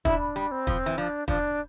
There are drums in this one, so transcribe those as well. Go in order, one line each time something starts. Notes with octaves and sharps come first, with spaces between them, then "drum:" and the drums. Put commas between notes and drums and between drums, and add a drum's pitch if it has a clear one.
D4 E4, drum: kick
G3
C4
F3, drum: kick
E3
F3 D4
F3 D4, drum: kick